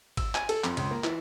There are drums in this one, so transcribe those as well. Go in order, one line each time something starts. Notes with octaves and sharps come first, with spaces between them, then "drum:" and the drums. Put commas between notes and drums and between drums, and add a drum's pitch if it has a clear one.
E6, drum: kick, cymbal
G#5, drum: clap
A4, drum: cymbal
F2, drum: clap
C#2, drum: cymbal
A#3
E3, drum: clap